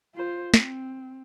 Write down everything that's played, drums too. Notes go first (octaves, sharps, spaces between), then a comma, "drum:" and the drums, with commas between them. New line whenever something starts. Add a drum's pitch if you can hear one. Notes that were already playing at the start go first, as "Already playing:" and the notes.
F4 C5
C4, drum: snare